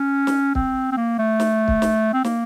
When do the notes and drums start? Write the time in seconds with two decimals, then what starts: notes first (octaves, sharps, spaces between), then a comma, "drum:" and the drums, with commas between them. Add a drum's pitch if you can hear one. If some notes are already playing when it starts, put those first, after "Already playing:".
Already playing: C#4
0.27 drum: snare
0.55 C4, drum: kick
0.92 C4
0.97 A#3
1.19 A3
1.40 drum: snare
1.68 drum: kick
1.82 drum: snare
2.13 C4
2.24 A#3, drum: snare